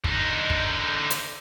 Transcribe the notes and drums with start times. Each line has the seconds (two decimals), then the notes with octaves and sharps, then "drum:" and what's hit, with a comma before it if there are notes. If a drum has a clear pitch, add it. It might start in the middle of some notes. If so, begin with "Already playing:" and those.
0.04 D3 D#4, drum: kick
0.50 drum: kick
1.10 drum: hi-hat